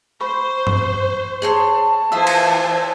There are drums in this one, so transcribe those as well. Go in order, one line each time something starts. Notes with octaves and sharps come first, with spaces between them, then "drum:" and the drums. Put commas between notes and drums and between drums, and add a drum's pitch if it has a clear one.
C5 B5 C#6
drum: tom G2
G#4 C#5 A5 C6
E3 F4 C5 E5 G#5 D#6 E6
drum: cymbal